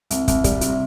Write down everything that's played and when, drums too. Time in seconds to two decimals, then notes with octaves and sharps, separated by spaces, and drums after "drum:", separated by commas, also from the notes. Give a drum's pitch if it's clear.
0.10 C2, drum: hi-hat
0.28 C2, drum: kick, hi-hat
0.44 G3, drum: kick, hi-hat
0.61 C3, drum: hi-hat